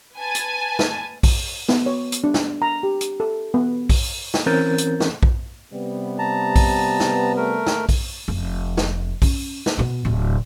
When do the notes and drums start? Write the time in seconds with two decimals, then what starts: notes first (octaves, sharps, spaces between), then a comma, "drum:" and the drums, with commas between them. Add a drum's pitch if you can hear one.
0.15 B4 G#5 A5
0.35 drum: hi-hat
0.79 drum: snare
1.23 drum: kick A#1, open hi-hat
1.69 B3, drum: snare
1.86 C#5
2.12 drum: hi-hat
2.24 D4
2.34 drum: snare
2.62 A#5
2.83 G4
3.01 drum: hi-hat
3.20 A4
3.54 B3
3.89 drum: kick A#1, open hi-hat
4.34 drum: snare
4.46 E3 C4 C#4 A#4 G6 A6
4.78 drum: hi-hat
5.00 drum: snare
5.23 drum: kick A#1
5.72 C3 G3 B3
6.19 A5 A#5
6.56 drum: kick A#1, open hi-hat
7.00 drum: snare
7.37 A3 A#4
7.67 drum: snare
7.89 drum: kick A#1, open hi-hat
8.28 F1
8.77 drum: snare
9.22 C#4, drum: kick A#1, open hi-hat
9.66 drum: snare
9.78 B2 B3
10.05 D1 C3